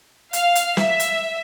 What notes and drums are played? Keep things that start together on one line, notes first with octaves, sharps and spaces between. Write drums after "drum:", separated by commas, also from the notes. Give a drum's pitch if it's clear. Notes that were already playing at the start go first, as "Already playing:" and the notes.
F5, drum: hi-hat
drum: hi-hat
E5, drum: snare
drum: hi-hat